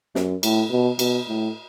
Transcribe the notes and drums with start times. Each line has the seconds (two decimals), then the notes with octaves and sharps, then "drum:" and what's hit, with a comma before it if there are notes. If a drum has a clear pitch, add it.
0.15 F#2, drum: snare
0.43 A2, drum: cymbal
0.71 B2
0.99 B2, drum: cymbal
1.28 A2